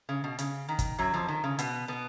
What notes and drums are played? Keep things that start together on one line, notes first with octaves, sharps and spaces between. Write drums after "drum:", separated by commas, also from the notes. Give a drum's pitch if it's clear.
C#3
B2
C#3, drum: hi-hat
D#3
drum: kick, hi-hat
F#2 F#3
F2 F3
D#3
C#3
B2 B3, drum: hi-hat
B2 B3